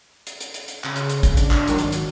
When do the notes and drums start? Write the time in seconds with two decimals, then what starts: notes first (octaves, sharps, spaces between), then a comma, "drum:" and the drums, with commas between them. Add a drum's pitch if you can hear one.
0.27 drum: hi-hat
0.40 drum: hi-hat
0.54 drum: hi-hat
0.68 drum: hi-hat
0.84 C#3, drum: clap
0.96 drum: hi-hat
1.09 drum: hi-hat
1.23 drum: kick, hi-hat
1.37 D4, drum: hi-hat
1.51 drum: clap
1.68 G#1 D#3 F#3, drum: hi-hat
1.78 drum: hi-hat
1.92 drum: hi-hat